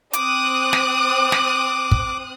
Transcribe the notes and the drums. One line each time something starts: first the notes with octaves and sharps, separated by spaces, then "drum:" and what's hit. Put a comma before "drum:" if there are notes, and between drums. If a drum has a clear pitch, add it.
C4 D6 D#6 F#6, drum: hi-hat
drum: snare
drum: snare
drum: kick